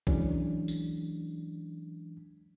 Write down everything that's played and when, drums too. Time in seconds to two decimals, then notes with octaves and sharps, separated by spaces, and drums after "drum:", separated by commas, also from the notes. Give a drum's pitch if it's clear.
0.07 E3 F#3 G#3 C#4 D4, drum: kick A#1
0.68 drum: tambourine